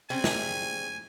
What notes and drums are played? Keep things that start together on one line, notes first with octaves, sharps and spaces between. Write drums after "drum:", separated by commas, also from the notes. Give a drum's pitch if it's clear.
C#3 G3 C4 G#5
drum: snare